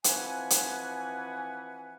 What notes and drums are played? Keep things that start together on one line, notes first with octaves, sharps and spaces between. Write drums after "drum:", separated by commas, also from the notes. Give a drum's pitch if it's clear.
E3 F3 C4 B4 F#5 G#5, drum: hi-hat
drum: hi-hat